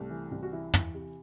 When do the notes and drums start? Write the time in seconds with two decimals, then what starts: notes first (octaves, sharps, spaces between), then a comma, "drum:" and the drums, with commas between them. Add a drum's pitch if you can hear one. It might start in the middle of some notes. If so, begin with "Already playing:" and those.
Already playing: C2 A3
0.10 E3
0.31 C2
0.43 F#4
0.52 E3 E4
0.74 E3, drum: tom
0.94 C3